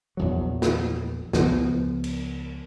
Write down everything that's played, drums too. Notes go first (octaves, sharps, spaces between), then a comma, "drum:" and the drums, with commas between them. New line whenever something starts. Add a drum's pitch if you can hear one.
A#1 E2 F#3
drum: snare
C#2 F3 B3, drum: snare
drum: cymbal